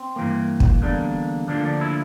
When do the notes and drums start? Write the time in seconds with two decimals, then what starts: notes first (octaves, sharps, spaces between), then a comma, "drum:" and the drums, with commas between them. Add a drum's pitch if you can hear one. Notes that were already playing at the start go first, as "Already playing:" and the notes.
Already playing: C4
0.16 G2 E3 A#3
0.60 drum: kick
0.82 E2 D3 G3 A#3 D4
1.48 D2 D3 F3 A#3 D4
1.65 D4
1.81 E4